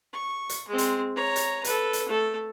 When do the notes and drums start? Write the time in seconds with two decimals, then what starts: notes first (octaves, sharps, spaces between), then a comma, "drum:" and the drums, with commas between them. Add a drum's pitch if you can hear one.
0.13 C#6
0.49 drum: hi-hat
0.68 G#3 C4
0.78 drum: hi-hat
1.16 C#5 A#5
1.36 drum: hi-hat
1.64 A4 B4, drum: hi-hat
1.93 drum: hi-hat
2.09 A3 A4